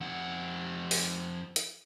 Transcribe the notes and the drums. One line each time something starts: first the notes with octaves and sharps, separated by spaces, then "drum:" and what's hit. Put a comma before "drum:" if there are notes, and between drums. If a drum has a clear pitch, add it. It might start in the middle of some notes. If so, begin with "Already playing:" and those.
F2 F#5
drum: open hi-hat
drum: hi-hat